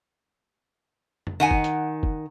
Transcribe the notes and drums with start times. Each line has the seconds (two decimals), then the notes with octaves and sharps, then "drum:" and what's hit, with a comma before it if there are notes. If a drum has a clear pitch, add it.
1.27 drum: tom F2
1.40 D#3 F#5 G#5
1.51 drum: kick F#1
1.64 drum: hi-hat
2.03 drum: kick F#1